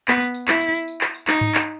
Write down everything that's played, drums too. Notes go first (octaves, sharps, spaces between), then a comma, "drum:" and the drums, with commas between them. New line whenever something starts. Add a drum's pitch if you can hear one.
B3, drum: clap
drum: tambourine
drum: tambourine
E4, drum: clap
drum: tambourine
drum: tambourine
drum: tambourine
drum: clap
drum: tambourine
D#4, drum: clap
drum: tom G#2
drum: clap